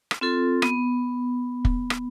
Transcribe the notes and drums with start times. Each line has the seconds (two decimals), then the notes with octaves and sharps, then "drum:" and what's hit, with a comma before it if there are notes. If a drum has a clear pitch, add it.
0.11 drum: rim click
0.21 C4 F4 A4
0.62 B3, drum: rim click
1.65 drum: kick
1.90 drum: rim click